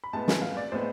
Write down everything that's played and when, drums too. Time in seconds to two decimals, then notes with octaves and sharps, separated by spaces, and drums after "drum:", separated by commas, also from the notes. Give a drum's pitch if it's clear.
0.04 B5
0.13 A2 G#3 B3 A5
0.28 G#5, drum: snare
0.42 F5
0.57 D5
0.72 A2 G#3 B3 C5